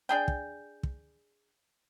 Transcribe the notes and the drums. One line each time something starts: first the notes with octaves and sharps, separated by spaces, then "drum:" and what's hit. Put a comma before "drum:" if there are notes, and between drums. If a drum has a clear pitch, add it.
D4 G#4 G5
drum: kick
drum: kick